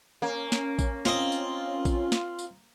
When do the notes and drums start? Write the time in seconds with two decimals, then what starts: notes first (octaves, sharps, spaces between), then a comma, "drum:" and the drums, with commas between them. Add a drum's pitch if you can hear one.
0.22 A#3 C#4
0.52 drum: snare
0.79 drum: kick A#1, tambourine
1.05 C4 F4 D#5, drum: snare
1.32 drum: tambourine
1.85 drum: kick A#1, tambourine
2.12 drum: snare
2.39 drum: tambourine